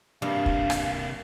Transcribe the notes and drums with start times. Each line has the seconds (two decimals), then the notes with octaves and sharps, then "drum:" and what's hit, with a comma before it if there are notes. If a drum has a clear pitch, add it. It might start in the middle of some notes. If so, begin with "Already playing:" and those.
0.22 G2 C3 A#3 F5
0.46 drum: kick
0.70 drum: rim click